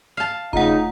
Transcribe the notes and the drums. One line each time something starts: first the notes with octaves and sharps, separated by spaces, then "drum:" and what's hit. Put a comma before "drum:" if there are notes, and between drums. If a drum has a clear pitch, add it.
F5 A5
C#3 A3 D#4 F4 F#5 A#5, drum: kick E1